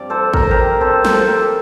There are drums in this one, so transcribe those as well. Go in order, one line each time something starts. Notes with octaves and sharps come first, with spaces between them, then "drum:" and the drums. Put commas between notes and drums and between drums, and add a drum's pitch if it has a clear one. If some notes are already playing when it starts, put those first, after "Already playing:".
Already playing: G2 F3 C4 D5
A4 C5
A#4, drum: kick A1
C5
G4 A#4
D3 F3 C4 A4 C5
A4 C5, drum: snare
G4 A#4